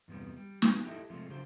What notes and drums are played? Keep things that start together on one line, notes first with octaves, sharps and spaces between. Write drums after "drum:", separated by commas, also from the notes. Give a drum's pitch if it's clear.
E2 G2 C3 G3 B3
G3
F3 B3 F4 F#4 G#5, drum: snare
E4 G4 A4 B4 D#5 E5
C3 F3 G#3 A3
C#3 F#3 D4 C5